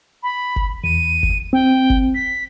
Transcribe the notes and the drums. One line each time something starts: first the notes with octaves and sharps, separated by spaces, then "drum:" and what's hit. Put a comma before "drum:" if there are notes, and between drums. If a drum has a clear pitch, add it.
B5
drum: kick F#1
E2 D#7
drum: kick F#1
C4 G5
drum: kick F#1
B6